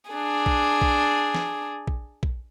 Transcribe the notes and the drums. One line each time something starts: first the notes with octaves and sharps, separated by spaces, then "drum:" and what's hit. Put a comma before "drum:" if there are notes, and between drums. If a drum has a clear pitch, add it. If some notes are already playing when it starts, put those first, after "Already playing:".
D4 G#4
drum: kick
drum: kick
drum: snare
drum: kick
drum: kick